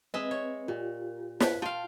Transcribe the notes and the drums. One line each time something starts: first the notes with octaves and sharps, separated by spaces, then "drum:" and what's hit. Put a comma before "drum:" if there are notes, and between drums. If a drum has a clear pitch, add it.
G#3 C4 B4 D#5 E5
C#5
A#2 F4 G4
B4 C#5 D#5 A5, drum: snare
F4 F5 G5 A5